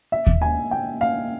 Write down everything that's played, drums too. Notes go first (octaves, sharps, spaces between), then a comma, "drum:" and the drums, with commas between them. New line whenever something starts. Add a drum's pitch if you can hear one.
E5
drum: kick D#2
G#5
G5
F5